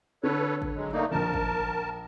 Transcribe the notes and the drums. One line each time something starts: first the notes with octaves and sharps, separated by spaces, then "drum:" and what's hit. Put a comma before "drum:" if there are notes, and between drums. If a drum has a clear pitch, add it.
D3 A4 B4 C#5
drum: kick G#1
F#3 G#3
A3 A#3 D#4 D5
A#1 F3 A#4 A5
drum: kick G#1